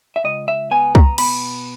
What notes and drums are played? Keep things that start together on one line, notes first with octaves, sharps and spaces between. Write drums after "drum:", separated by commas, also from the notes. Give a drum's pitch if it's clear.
E5
C#2 D#5
E5
B3 G#5
A#5, drum: kick
B2 B5, drum: cymbal